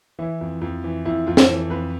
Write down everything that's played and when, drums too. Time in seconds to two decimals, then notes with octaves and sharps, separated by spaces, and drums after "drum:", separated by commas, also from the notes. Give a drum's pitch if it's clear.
0.19 E3 E4
0.41 F2
0.61 F2
0.84 E3
1.05 F2 E4
1.27 F2 F4
1.37 drum: snare
1.48 E3 A4
1.70 F2 B4